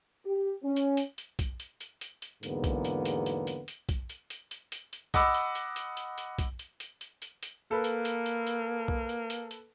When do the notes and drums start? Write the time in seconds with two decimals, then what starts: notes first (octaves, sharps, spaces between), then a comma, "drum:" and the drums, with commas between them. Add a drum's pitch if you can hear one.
0.24 G4
0.63 C#4
0.76 drum: hi-hat
0.97 drum: hi-hat
1.18 drum: hi-hat
1.39 drum: kick, hi-hat
1.60 drum: hi-hat
1.80 drum: hi-hat
2.01 drum: hi-hat
2.22 drum: hi-hat
2.43 E2 G#2 D3 F#3 A#3 B3, drum: hi-hat
2.64 drum: kick, hi-hat
2.85 drum: hi-hat
3.05 drum: hi-hat
3.26 drum: hi-hat
3.47 drum: hi-hat
3.68 drum: hi-hat
3.89 drum: kick, hi-hat
4.09 drum: hi-hat
4.30 drum: hi-hat
4.51 drum: hi-hat
4.72 drum: hi-hat
4.93 drum: hi-hat
5.14 D#5 F#5 B5 D6 E6, drum: kick, hi-hat
5.34 drum: hi-hat
5.55 drum: hi-hat
5.76 drum: hi-hat
5.97 drum: hi-hat
6.18 drum: hi-hat
6.38 drum: kick, hi-hat
6.59 drum: hi-hat
6.80 drum: hi-hat
7.01 drum: hi-hat
7.22 drum: hi-hat
7.43 drum: hi-hat
7.71 A#3 A4 B4
7.84 drum: hi-hat
8.05 drum: hi-hat
8.26 drum: hi-hat
8.47 drum: hi-hat
8.88 drum: kick
9.09 drum: hi-hat
9.30 drum: hi-hat
9.51 drum: hi-hat